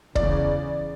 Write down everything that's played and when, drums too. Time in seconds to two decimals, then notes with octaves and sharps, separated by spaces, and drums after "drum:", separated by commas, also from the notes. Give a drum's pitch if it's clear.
0.15 E2 C#3 D5, drum: kick